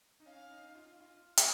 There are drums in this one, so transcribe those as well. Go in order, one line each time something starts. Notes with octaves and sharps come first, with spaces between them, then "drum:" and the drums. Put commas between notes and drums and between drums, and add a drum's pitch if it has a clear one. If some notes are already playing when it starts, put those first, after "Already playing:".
D#4
C#4 F5
D#4
F4
F4
F4, drum: hi-hat